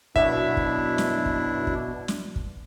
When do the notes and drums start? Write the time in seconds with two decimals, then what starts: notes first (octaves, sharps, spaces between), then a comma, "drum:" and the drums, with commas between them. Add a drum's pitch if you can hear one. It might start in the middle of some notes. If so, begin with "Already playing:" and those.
0.16 F#2 B2 D4 E4 E5, drum: kick
0.57 drum: kick
0.98 drum: snare
1.26 drum: kick
1.67 drum: kick
2.08 drum: snare
2.36 drum: kick